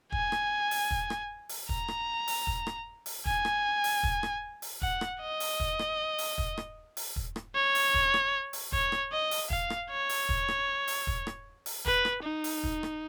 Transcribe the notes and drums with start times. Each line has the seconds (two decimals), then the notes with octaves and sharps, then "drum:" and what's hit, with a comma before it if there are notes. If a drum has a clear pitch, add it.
0.12 G#5, drum: kick
0.32 drum: rim click
0.71 drum: open hi-hat
0.91 drum: kick
1.10 drum: rim click
1.49 drum: open hi-hat
1.69 A#5, drum: kick
1.88 drum: rim click
2.27 drum: open hi-hat
2.47 drum: kick
2.67 drum: rim click
3.06 drum: open hi-hat
3.26 G#5, drum: kick
3.45 drum: rim click
3.84 drum: open hi-hat
4.03 drum: kick
4.23 drum: rim click
4.62 drum: open hi-hat
4.82 F#5, drum: kick
5.01 drum: rim click
5.21 D#5
5.40 drum: open hi-hat
5.60 drum: kick
5.79 drum: rim click
6.18 drum: open hi-hat
6.38 drum: kick
6.58 drum: rim click
6.97 drum: open hi-hat
7.16 drum: kick
7.36 drum: rim click
7.55 C#5
7.75 drum: open hi-hat
7.94 drum: kick
8.14 drum: rim click
8.53 drum: open hi-hat
8.72 C#5, drum: kick
8.92 drum: rim click
9.12 D#5
9.31 drum: open hi-hat
9.50 F5, drum: kick
9.70 drum: rim click
9.90 C#5
10.09 drum: open hi-hat
10.29 drum: kick
10.48 drum: rim click
10.88 drum: open hi-hat
11.07 drum: kick
11.27 drum: rim click
11.66 drum: open hi-hat
11.86 B4, drum: kick
12.05 drum: rim click
12.24 D#4
12.44 drum: open hi-hat
12.63 drum: kick
12.83 drum: rim click